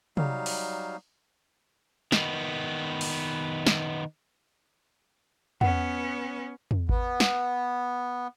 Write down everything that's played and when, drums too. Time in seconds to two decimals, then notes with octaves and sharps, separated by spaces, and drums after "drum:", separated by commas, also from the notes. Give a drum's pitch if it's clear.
0.17 F#3 G3 D#4 F5, drum: tom C3
0.46 drum: open hi-hat
2.12 D#3 B3, drum: snare
3.01 drum: open hi-hat
3.66 drum: snare
5.61 B3 C#4 F#5, drum: tom E2
6.71 drum: tom E2
6.89 B3, drum: kick G#1
7.20 drum: snare